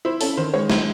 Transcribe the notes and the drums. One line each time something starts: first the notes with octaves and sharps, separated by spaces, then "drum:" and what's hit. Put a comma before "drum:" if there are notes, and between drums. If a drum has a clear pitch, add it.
E4 C5
C#4 A4, drum: open hi-hat
D#3 C5
G#3 C#5
E4 C5, drum: snare